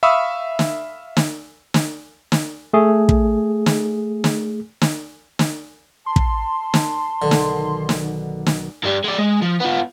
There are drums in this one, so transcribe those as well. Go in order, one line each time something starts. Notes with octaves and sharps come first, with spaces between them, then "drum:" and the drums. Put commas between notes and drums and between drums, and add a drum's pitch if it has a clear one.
E5 F5 B5 C#6 D#6 E6
drum: snare
drum: snare
drum: snare
drum: snare
A3 G#4
drum: kick
drum: snare
drum: snare
drum: snare
drum: snare
A5 C6
drum: kick
drum: snare
B1 D3 D#3
drum: snare
drum: snare
drum: snare
G2 G3
G#3 D5
G#3
F3
B3 F4